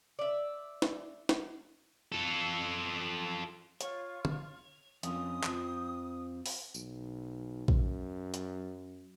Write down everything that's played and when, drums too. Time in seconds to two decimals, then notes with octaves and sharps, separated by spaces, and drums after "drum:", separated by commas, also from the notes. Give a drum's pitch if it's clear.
0.19 D5 E5
0.82 drum: snare
1.29 drum: snare
2.12 F4 A4
3.81 F4 C#5, drum: hi-hat
4.25 drum: tom
5.03 F2 C#4 F4 D#6, drum: hi-hat
5.44 F2 F3, drum: clap
6.46 drum: open hi-hat
6.74 B1, drum: tambourine
7.68 F#2, drum: kick A#1
8.34 drum: hi-hat